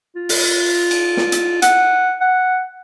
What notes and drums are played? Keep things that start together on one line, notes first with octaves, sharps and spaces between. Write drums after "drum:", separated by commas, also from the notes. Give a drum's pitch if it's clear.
F4
drum: open hi-hat
drum: cymbal
drum: snare
drum: hi-hat
F#5, drum: hi-hat
F#5